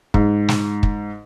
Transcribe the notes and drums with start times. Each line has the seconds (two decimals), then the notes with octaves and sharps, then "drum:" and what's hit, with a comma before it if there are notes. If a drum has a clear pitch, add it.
0.14 G#2, drum: kick
0.48 drum: snare
0.83 drum: kick